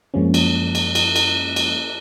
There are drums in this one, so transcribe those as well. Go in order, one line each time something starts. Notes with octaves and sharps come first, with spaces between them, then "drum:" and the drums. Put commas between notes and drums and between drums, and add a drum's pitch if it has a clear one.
F#2 F3 G#3 A#3 C#4
drum: cymbal
drum: cymbal
drum: cymbal
drum: cymbal
drum: cymbal